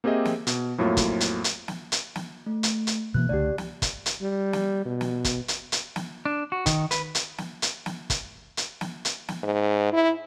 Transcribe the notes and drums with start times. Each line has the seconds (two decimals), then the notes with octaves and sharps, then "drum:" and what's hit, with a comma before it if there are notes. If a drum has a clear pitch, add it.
0.04 A#3 C4 G4 G#4 D#5 E5
0.25 drum: snare
0.47 B2, drum: hi-hat
0.78 F2 A2 F#3 A#3 F4
0.97 drum: kick, hi-hat
1.20 drum: hi-hat
1.44 drum: hi-hat
1.68 drum: snare
1.92 drum: hi-hat
2.16 drum: snare
2.46 A3
2.63 drum: hi-hat
2.87 drum: hi-hat
3.14 B2 E3 A#3 F#6
3.29 C#2 D3 A3 G4 D5
3.58 drum: snare
3.82 drum: kick, hi-hat
4.06 drum: hi-hat
4.21 G3
4.53 drum: snare
4.85 B2
5.01 drum: snare
5.24 drum: kick, hi-hat
5.48 drum: hi-hat
5.72 drum: hi-hat
5.96 drum: snare
6.25 D4
6.52 F#4
6.66 D#3, drum: kick, hi-hat
6.91 B4, drum: hi-hat
7.15 drum: hi-hat
7.38 drum: snare
7.62 drum: hi-hat
7.86 drum: snare
8.10 drum: kick, hi-hat
8.57 drum: hi-hat
8.81 drum: snare
9.05 drum: hi-hat
9.29 drum: snare
9.43 G#2
9.93 E4